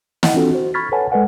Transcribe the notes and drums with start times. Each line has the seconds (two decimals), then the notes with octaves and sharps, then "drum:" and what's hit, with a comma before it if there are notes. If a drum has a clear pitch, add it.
0.23 D#5 F#5 G5, drum: snare
0.34 E3 C4 D4 F4 F#4 A4
0.52 F#4 C5
0.74 B5 C#6 F6 G#6 A6 B6
0.92 A4 B4 C#5 F#5 G#5 A5
1.11 G#3 A4 B4 D5 F#5 G#5